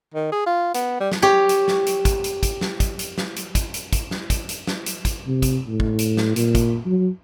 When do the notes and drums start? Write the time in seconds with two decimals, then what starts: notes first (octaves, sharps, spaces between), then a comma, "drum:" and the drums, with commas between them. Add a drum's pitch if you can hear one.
0.14 D#3
0.32 G#4
0.46 F4
0.74 B3, drum: hi-hat
1.00 G3
1.12 drum: snare
1.22 G4 C#5
1.49 drum: hi-hat
1.68 drum: snare
1.86 drum: hi-hat
2.05 drum: kick, hi-hat
2.24 drum: hi-hat
2.43 drum: kick, hi-hat
2.61 drum: snare
2.80 drum: kick, hi-hat
2.99 drum: hi-hat
3.18 drum: snare
3.36 drum: hi-hat
3.55 drum: kick, hi-hat
3.74 drum: hi-hat
3.93 drum: kick, hi-hat
4.11 drum: snare
4.30 drum: kick, hi-hat
4.49 drum: hi-hat
4.67 drum: snare
4.86 drum: hi-hat
5.05 drum: kick, hi-hat
5.27 C3
5.42 drum: kick, hi-hat
5.67 A2
5.80 drum: kick
5.99 drum: hi-hat
6.17 drum: snare
6.36 A#2, drum: hi-hat
6.55 drum: kick, hi-hat
6.86 F#3